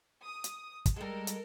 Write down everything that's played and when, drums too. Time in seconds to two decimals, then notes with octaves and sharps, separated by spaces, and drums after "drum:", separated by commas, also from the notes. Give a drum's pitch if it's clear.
0.23 D#6
0.44 drum: hi-hat
0.86 drum: kick, hi-hat
0.96 G3 G#3 A4 A#4
1.27 drum: hi-hat